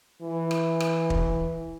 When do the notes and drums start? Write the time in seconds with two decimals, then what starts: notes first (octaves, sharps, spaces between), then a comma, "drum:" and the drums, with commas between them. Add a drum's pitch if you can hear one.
0.22 E3
0.51 drum: rim click
0.80 drum: rim click
1.10 drum: kick